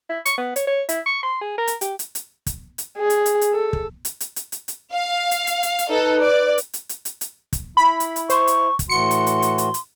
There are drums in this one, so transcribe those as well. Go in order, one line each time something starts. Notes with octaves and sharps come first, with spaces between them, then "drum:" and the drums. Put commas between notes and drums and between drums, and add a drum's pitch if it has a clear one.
E4
C#6, drum: hi-hat
B3
C#5, drum: hi-hat
C#5
E4, drum: hi-hat
C#6
C6
G#4
A#4
drum: hi-hat
G4, drum: hi-hat
drum: hi-hat
drum: hi-hat
drum: kick, hi-hat
drum: hi-hat
G#4
drum: hi-hat
drum: hi-hat
drum: hi-hat
A4
drum: kick
drum: hi-hat
drum: hi-hat
drum: hi-hat
drum: hi-hat
drum: hi-hat
F5
drum: hi-hat
drum: hi-hat
drum: hi-hat
drum: hi-hat
D#4 A4 B4
D5
drum: hi-hat
drum: hi-hat
drum: hi-hat
drum: hi-hat
drum: hi-hat
drum: kick, hi-hat
E4 B5
drum: hi-hat
drum: hi-hat
C5 C#6, drum: hi-hat
drum: hi-hat
drum: kick, hi-hat
A2 E3 F#4 C6 C#7
drum: hi-hat
drum: hi-hat
drum: hi-hat
drum: hi-hat
drum: hi-hat